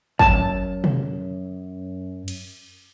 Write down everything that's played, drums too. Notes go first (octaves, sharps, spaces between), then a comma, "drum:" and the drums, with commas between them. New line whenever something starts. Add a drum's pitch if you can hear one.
F#2 A5, drum: kick
drum: tom
drum: cymbal